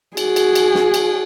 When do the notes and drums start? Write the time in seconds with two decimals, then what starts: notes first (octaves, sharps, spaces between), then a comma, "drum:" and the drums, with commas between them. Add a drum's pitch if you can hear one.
0.17 F#4 G#4, drum: cymbal
0.36 drum: cymbal
0.55 drum: cymbal
0.75 drum: snare
0.94 drum: cymbal